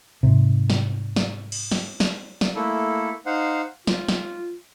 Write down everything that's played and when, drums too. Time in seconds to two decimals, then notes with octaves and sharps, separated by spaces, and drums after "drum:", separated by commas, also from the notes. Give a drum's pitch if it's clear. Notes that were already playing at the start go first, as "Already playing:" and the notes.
0.23 G#2 C3
0.70 drum: snare
1.16 drum: snare
1.52 drum: cymbal
1.71 drum: snare
2.00 drum: snare
2.41 drum: snare
2.55 A3 A#3 E4 A4
3.26 D#4 C5 F5 F#5
3.87 F4, drum: snare
4.08 drum: snare